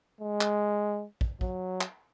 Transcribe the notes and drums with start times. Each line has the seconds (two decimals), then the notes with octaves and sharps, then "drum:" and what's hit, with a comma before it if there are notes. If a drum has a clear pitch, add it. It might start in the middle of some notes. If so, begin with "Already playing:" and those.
0.21 G#3
0.41 drum: clap
1.21 drum: kick
1.41 F#3, drum: kick
1.81 drum: clap